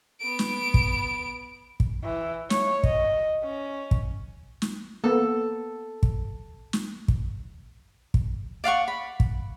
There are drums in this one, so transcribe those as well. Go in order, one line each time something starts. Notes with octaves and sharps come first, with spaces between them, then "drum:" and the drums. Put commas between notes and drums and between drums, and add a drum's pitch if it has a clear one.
B3 D7
drum: snare
drum: kick
drum: kick
E3
C#5, drum: snare
D#5, drum: kick
C#4
drum: kick
drum: snare
A#3 B3 A4
drum: kick
drum: snare
drum: kick
drum: kick
D5 F5 F#5 C#6
B5
drum: kick